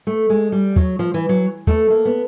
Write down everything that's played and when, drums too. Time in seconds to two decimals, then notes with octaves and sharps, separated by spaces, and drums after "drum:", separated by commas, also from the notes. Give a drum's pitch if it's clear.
0.07 A3
0.30 G#3
0.52 G3
0.76 F#3, drum: kick
0.99 F3
1.14 E3
1.29 F#3
1.67 A3, drum: kick
1.90 A#3
2.05 B3